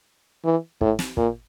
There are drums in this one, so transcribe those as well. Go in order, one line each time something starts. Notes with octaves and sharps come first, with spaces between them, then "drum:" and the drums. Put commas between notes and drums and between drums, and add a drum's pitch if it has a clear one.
E3
A2, drum: kick
drum: snare
A#2, drum: kick